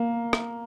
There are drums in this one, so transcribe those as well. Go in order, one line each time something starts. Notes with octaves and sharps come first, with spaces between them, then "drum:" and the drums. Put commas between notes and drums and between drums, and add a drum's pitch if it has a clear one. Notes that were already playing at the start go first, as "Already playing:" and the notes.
Already playing: A#3
drum: rim click